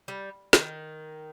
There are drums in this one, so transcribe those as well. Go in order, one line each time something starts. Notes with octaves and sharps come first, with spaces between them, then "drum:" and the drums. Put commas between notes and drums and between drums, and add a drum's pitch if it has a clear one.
G3
D#3, drum: snare